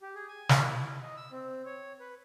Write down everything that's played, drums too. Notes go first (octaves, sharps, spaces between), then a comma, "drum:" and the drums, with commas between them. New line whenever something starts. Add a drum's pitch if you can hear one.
G4
G#4
G#5
drum: snare
E4
D#5
E6
C4
C#5
B4